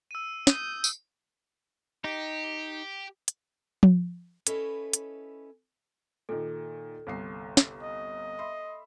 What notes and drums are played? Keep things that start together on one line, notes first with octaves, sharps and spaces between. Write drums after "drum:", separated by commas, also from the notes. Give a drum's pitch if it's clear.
E6 D#7
D#6 G6, drum: snare
drum: tambourine
D#4 G4
drum: hi-hat
drum: tom F3
C#4 E4 A4 B4 C#5 D#5, drum: hi-hat
drum: hi-hat
A#2 D#3 A4
G1 C2 C7
drum: snare
D#5
E5 B5 C6